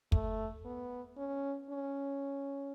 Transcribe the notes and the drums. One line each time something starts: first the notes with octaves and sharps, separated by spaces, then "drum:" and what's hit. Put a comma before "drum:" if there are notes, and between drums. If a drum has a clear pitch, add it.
A3, drum: kick
B3
C#4
C#4